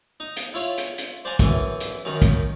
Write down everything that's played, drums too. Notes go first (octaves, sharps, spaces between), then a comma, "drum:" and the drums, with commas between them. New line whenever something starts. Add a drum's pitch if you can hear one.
D#4
drum: hi-hat
E4 F4 C#5
drum: hi-hat
drum: hi-hat
C5 D5 F#5 G#5 A#5 D6
F#2 E3, drum: kick, hi-hat
drum: hi-hat
F#2 D#3 A#5
drum: kick, hi-hat